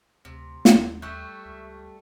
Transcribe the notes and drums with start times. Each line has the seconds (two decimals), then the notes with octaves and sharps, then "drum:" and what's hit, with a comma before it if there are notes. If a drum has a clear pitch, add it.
0.25 D2 C3
0.65 D#2, drum: snare
1.02 G3 A3 E5 C#6 F#6 G6
1.45 C#2